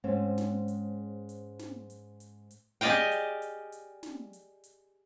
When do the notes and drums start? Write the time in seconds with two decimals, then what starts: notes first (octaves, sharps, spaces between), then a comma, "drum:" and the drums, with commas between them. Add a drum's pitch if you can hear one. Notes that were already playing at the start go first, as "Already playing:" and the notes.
0.04 G#2 G#3 C4 C#4
0.38 drum: snare
0.68 drum: hi-hat
1.29 drum: hi-hat
1.59 drum: snare
1.90 drum: hi-hat
2.20 drum: hi-hat
2.51 drum: hi-hat
2.81 G4 G#4 D5 D#5 F5 G5, drum: snare
3.11 drum: hi-hat
3.42 drum: hi-hat
3.72 drum: hi-hat
4.03 drum: snare
4.33 drum: hi-hat
4.64 drum: hi-hat